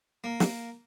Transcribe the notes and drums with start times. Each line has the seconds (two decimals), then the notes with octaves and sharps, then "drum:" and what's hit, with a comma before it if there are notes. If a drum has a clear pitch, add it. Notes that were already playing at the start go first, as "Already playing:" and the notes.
0.24 A#3
0.40 drum: snare